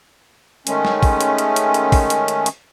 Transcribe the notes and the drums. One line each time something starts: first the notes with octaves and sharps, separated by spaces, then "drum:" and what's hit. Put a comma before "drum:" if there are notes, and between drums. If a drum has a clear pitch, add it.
D#3 G#3 A3 C#4, drum: hi-hat
drum: snare
drum: kick, open hi-hat
drum: hi-hat
drum: hi-hat
drum: hi-hat
drum: hi-hat
drum: kick, open hi-hat
drum: hi-hat
drum: hi-hat
drum: hi-hat